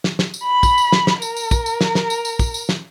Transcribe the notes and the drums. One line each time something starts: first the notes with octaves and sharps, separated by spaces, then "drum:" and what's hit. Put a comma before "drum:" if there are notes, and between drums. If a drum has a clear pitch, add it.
drum: snare
drum: snare
drum: tambourine
B5
drum: kick, tambourine
drum: tambourine
drum: snare
drum: snare
A#4, drum: tambourine
drum: tambourine
drum: kick, tambourine
drum: tambourine
drum: snare
drum: snare
drum: tambourine
drum: tambourine
drum: kick, tambourine
drum: tambourine
drum: snare